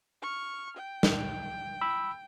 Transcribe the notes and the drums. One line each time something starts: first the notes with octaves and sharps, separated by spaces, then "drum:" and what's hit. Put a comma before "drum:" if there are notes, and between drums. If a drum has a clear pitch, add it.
C#6 F6
G5
drum: snare
B5 E6